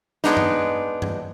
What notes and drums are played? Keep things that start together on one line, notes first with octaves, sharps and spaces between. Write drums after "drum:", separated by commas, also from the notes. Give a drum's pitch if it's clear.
G#3 B3 D4 D#4, drum: snare
drum: tom G2
drum: tom G2